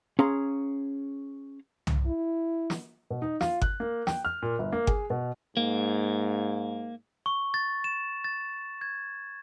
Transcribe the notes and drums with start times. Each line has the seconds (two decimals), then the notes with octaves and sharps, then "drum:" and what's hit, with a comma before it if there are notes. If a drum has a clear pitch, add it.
0.19 C#4 G#4 F5 A#5 C6
1.87 drum: tom C2
2.07 E4
2.70 drum: snare
3.10 B2
3.22 D#4
3.41 F4, drum: snare
3.62 F#6, drum: kick G1
3.80 A#3
4.07 G5, drum: snare
4.25 F6
4.42 A#2
4.59 G1
4.73 A#3
4.87 G#4, drum: kick G1
5.10 B2
5.57 G#2 A#3
7.26 C#6
7.54 A6
7.84 E7
8.24 A6
8.81 G#6